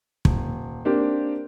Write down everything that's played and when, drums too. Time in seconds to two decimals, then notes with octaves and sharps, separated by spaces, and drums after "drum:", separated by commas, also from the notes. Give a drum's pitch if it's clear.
0.25 D#1, drum: kick
0.85 A#3 C4 D4 G4 A#4